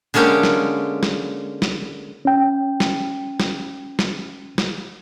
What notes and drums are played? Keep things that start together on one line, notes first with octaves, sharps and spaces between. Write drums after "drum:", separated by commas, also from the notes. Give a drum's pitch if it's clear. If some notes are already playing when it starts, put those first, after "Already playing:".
D3 G#3 A#3 C#4 G4
drum: snare
drum: snare
drum: snare
C#4 G5
drum: snare
drum: snare
drum: snare
drum: snare